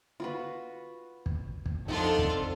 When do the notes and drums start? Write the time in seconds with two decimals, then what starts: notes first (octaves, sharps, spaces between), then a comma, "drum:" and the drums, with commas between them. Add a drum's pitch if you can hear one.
0.20 F4 F#4 B4
1.26 drum: kick
1.66 drum: kick
1.88 F2 D4 D#4 F4 A4 F#5 A#5
2.19 drum: kick